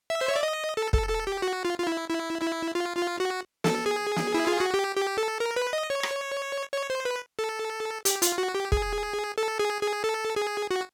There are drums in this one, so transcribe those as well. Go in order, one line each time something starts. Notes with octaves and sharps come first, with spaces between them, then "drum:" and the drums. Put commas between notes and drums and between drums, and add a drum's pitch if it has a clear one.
E5
C5
C#5
D5
D#5
A4
A4, drum: kick
A4
G4
F#4
F4
F4
E4
E4
E4
F4
F4
F#4
A4, drum: snare
G#4
drum: snare
E4
F4
F#4
G4
G4
A4
A#4
B4
D#5
C#5
drum: rim click
C#5
C5
B4
A4
G4, drum: hi-hat
F4, drum: hi-hat
F#4
G4
G#4, drum: kick
A4
G#4
G#4
A4
G#4
F#4